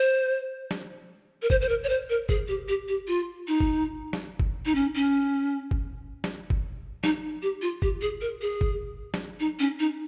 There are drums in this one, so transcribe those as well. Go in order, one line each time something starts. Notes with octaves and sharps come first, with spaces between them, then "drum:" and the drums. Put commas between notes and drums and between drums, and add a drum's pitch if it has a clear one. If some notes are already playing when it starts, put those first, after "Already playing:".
Already playing: C5
drum: snare
A#4
C5, drum: kick F#1
C5
A#4
C#5
C5
A#4
G#4, drum: kick F#1
G4
G4
G4
F4
D#4
drum: kick F#1
drum: snare
drum: kick F#1
D#4
C#4
C#4
drum: kick F#1
drum: snare
drum: kick F#1
D#4, drum: snare
G4
F4
G4, drum: kick F#1
G#4
A#4
G#4
drum: kick F#1
drum: snare
D#4
C#4
D#4